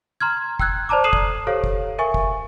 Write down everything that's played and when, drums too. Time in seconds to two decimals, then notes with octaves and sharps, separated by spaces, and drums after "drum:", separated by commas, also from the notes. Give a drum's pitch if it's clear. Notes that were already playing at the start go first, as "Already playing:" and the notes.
0.20 A#5 C6 F6 G#6
0.59 G5 E6 F#6 G#6, drum: kick
0.89 C5 D5 A5 A#5 D6
1.04 A4 D#6 C7 D#7 E7 F#7
1.13 drum: kick
1.47 G4 A4 C5 C#5 F5
1.64 drum: kick
1.98 A#4 E5 G#5 C#6
2.14 drum: kick